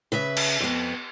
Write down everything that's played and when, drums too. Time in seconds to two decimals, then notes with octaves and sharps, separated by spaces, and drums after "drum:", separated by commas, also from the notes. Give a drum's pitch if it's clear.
0.12 C#3 B4 E5
0.37 drum: cymbal
0.60 F2 B3